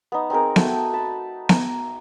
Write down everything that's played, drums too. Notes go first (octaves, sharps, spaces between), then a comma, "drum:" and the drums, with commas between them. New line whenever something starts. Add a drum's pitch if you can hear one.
B3 D#4
C4 D#4 G#4 A#4
A3 F#4 G5 A5, drum: snare B3
A5 B5
A#5, drum: snare B3